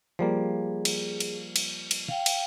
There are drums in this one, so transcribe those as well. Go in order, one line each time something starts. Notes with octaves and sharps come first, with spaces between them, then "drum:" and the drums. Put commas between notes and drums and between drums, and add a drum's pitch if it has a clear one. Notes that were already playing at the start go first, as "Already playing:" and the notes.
F3 G3 A#3 G#4
drum: cymbal
drum: cymbal
drum: cymbal
drum: cymbal
F5 G5
drum: cymbal